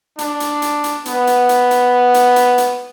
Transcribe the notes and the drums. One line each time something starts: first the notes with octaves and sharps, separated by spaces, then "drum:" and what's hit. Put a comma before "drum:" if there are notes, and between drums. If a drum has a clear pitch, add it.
D4, drum: hi-hat
drum: hi-hat
drum: hi-hat
drum: hi-hat
B3, drum: hi-hat
drum: hi-hat
drum: hi-hat
drum: hi-hat
drum: hi-hat
drum: hi-hat
drum: hi-hat